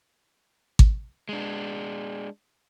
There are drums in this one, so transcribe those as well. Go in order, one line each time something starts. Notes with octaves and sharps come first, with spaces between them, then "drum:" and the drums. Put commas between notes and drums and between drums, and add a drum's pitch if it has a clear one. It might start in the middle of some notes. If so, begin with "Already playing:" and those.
drum: kick G#1
G#3 D4